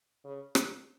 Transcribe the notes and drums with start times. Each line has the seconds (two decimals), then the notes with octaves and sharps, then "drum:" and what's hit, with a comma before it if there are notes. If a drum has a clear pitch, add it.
0.25 C#3
0.55 drum: rim click